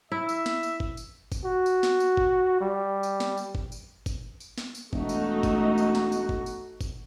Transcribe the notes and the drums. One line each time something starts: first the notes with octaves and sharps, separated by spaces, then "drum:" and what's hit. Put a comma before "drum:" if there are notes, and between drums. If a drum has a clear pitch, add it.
E4 E5
drum: tambourine
drum: snare
drum: tambourine
drum: kick G1
drum: tambourine
drum: kick G1, tambourine
F#4
drum: tambourine
drum: snare
drum: tambourine
drum: kick G1
G3
drum: tambourine
drum: snare
drum: tambourine
drum: kick G1
drum: tambourine
drum: kick G1, tambourine
drum: tambourine
drum: snare
drum: tambourine
E1 A3 D#4 F#4, drum: kick G1
drum: tambourine
drum: kick G1, tambourine
drum: tambourine
drum: snare
drum: tambourine
drum: kick G1
drum: tambourine
drum: kick G1, tambourine